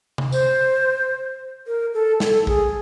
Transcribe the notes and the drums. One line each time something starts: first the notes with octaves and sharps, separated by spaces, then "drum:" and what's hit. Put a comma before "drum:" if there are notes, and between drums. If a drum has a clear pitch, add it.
drum: tom C3
C5, drum: tambourine
A#4
A4
A4, drum: snare
G#4, drum: kick A#1